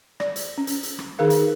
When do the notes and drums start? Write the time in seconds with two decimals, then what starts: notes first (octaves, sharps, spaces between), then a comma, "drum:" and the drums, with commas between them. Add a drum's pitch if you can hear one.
0.20 D5, drum: rim click
0.36 drum: hi-hat
0.58 C#4
0.67 drum: hi-hat
0.83 drum: hi-hat
0.99 drum: rim click
1.19 D#3 D#4 G#4 A#4 F5
1.30 drum: hi-hat